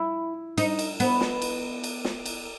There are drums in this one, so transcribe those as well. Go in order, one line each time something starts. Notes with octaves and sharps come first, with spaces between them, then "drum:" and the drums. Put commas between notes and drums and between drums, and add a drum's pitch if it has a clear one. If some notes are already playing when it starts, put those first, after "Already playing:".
Already playing: E4
D#4, drum: cymbal
drum: cymbal
B3, drum: cymbal
drum: snare
drum: cymbal
drum: cymbal
drum: snare
drum: cymbal